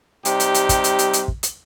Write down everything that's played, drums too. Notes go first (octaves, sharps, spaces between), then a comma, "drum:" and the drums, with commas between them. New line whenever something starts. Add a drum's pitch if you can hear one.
C3 G3 D#4 G4, drum: hi-hat
drum: hi-hat
drum: hi-hat
drum: kick, hi-hat
drum: hi-hat
drum: hi-hat
drum: hi-hat
drum: kick
drum: hi-hat